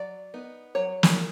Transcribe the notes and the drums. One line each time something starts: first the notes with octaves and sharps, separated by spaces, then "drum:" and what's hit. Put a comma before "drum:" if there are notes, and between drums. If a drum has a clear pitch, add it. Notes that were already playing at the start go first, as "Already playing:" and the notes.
Already playing: F#3 D5
B3 D#4
F#3 C#5
drum: snare